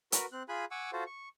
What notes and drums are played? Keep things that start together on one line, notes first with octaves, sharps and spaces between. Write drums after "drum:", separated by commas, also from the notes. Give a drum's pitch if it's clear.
F#4 A#4 B4, drum: hi-hat
C4 F#6
F4 G#4 G#5 B5 F#6
F#5 G#5 C#6 D6 E6
F4 F#4 A4 C5
C#6